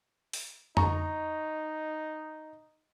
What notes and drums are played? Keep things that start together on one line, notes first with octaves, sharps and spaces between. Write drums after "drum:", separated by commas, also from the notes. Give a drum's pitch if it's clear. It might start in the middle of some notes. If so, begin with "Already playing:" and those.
drum: open hi-hat
D#4 A#5 C#6, drum: tom F2